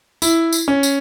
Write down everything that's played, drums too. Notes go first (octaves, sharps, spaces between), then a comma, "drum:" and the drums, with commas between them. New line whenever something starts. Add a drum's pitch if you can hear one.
E4, drum: tambourine
drum: tambourine
C#4
drum: tambourine